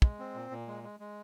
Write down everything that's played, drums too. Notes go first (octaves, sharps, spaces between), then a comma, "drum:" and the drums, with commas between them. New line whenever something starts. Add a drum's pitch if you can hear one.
G#3, drum: kick
C4
A#2
A#2
G#3
G#3
G#3